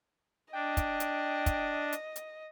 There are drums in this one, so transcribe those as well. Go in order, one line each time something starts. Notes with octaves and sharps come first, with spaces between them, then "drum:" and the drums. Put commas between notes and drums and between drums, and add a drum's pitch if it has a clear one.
D4 D#5 G5
drum: kick, hi-hat
drum: hi-hat
drum: kick, hi-hat
drum: hi-hat
drum: hi-hat